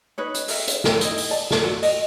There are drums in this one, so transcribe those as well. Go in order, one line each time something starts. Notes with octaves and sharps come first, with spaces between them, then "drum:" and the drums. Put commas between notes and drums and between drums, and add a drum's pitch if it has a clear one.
D#4 B4 C#5
drum: hi-hat
A4 A#4 E5, drum: open hi-hat
drum: hi-hat
drum: snare
D#4 E4 D#5, drum: hi-hat
drum: open hi-hat
D5 A5
drum: snare
F4 F#4 A4 D5
D#5, drum: open hi-hat